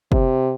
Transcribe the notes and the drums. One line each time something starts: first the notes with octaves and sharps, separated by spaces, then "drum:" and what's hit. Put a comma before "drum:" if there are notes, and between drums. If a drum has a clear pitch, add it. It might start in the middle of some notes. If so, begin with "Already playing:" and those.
C3, drum: kick